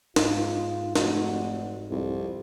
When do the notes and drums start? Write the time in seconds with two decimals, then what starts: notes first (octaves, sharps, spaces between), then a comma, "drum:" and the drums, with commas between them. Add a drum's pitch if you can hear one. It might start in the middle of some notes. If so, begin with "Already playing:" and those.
0.16 G#2 F4, drum: snare
0.96 F1 F#4, drum: snare
1.91 C2 F2